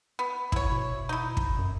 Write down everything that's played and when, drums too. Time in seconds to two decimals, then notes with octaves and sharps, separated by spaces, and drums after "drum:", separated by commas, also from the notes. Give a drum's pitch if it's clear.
0.19 B3
0.52 E4 C#5, drum: kick
0.72 B2
1.09 D#4 E4
1.37 drum: kick
1.58 F#2